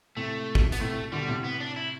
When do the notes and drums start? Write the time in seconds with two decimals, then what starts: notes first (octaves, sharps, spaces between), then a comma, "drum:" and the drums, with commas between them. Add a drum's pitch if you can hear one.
0.17 A2 C3 A3
0.55 drum: kick
0.72 B3, drum: hi-hat
0.80 A2 C3 A3
1.12 B2 D3 G3
1.28 A2 C3
1.44 B3
1.60 D4
1.76 E4